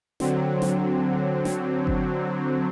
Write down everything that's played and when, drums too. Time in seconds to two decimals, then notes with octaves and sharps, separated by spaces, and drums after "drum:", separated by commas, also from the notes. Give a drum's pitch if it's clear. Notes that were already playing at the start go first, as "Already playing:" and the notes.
0.20 D3 F#3 C4, drum: snare
0.62 drum: snare
1.45 drum: snare
1.87 drum: kick G1